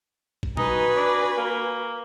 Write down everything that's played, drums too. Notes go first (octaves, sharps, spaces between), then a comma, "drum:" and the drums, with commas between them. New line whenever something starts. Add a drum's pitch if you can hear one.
drum: kick
D#4 F#4 B4 G#5, drum: tom A#2
D4
A#3